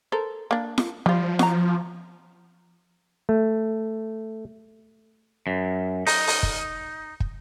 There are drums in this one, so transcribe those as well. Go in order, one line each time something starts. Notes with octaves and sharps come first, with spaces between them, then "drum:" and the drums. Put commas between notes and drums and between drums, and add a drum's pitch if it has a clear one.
A4 A#4 C5
A#3 D4
drum: snare
F3 G3 F4
F#3 A#5, drum: snare
A3
F#2
D#4, drum: open hi-hat
drum: open hi-hat
drum: kick
drum: kick